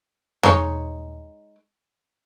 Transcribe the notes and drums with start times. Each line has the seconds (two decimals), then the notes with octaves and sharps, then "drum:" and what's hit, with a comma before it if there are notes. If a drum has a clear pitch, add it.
0.43 G#3 D#4 C#5, drum: tom E2